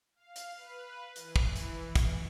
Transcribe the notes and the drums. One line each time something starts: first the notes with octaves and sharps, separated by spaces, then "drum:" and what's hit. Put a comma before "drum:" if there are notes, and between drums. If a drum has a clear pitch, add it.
F5
drum: hi-hat
B4
E3, drum: hi-hat
drum: kick
drum: hi-hat
drum: kick, hi-hat